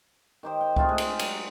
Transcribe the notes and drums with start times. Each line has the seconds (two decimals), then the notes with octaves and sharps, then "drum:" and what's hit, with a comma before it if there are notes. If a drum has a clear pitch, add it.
0.43 D#3 G4 C5
0.61 G5
0.76 A3 C4 F4 G#4, drum: kick C#2
0.89 G#3
0.98 drum: cymbal
1.19 F#3, drum: cymbal